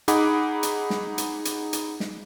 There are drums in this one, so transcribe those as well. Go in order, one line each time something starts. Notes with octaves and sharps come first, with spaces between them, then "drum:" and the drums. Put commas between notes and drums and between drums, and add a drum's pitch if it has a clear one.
D#4 G#4 F#5 B5 D6, drum: hi-hat
drum: hi-hat
drum: snare
drum: hi-hat
drum: hi-hat
drum: hi-hat
drum: snare